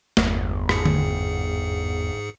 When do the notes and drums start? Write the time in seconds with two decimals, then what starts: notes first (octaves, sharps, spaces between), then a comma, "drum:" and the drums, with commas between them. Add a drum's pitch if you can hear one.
0.17 G1 E2, drum: snare
0.69 G#2 G#4 C#7, drum: rim click
0.85 drum: tom D3